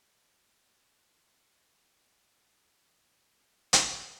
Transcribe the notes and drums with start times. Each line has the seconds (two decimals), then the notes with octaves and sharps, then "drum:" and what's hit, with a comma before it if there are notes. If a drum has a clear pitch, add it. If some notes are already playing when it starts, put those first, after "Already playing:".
0.60 G4 G#4 E5 F#5
0.92 F#5
1.16 G2 A#2 D4 B4 E5 A#6
1.54 A#6 D7
1.80 D3
2.13 G#2 F3 B3 D#4 E4
2.85 F4
3.38 F#4
3.73 drum: hi-hat